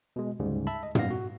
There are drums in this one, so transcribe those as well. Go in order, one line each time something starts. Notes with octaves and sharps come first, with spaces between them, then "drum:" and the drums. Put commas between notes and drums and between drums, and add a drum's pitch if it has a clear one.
B2 G#3
D2 G#2 C#3 G3
E5 A5 B5
D#5
F#2 A#2 G3 B3 F5 A#6, drum: tom
F#4